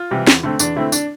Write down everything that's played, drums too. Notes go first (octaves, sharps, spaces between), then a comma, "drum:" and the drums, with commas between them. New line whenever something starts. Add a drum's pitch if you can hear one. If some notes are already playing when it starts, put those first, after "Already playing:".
Already playing: F4
C3 E3 G3
E2, drum: snare
D3 A3 C4
E2 D4, drum: tambourine
D3 A3 C4 E4
D4, drum: tambourine